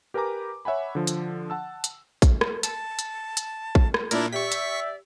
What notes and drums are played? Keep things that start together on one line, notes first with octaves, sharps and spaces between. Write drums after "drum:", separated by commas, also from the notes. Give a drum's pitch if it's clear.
G4 A#4 B4 G#5 A#5 D6
C#5 E5 F#5 G#5 B5
D3 F3
drum: hi-hat
F#5 A5 E6
drum: hi-hat
drum: kick, hi-hat
drum: rim click
A5, drum: hi-hat
drum: hi-hat
drum: hi-hat
drum: kick
drum: rim click
A#2 D4 E4 A#4 D5, drum: hi-hat
G4 D5 E5 C#6 B6
drum: hi-hat